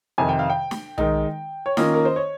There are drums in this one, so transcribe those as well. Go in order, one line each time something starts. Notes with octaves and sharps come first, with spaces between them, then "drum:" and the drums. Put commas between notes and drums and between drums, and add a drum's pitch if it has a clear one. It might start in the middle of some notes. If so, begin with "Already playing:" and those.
F2 C3 D#3 G#5
G5
F5
G5
drum: snare
D#3 G#3 D#4, drum: tom B1
C#5
D#3 A#3 C#4 F4 D#5, drum: snare
A#4
C5
C#5